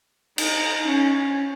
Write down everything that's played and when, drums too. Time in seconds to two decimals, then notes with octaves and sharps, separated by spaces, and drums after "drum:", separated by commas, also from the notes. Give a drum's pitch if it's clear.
0.38 D#4, drum: cymbal
0.87 C#4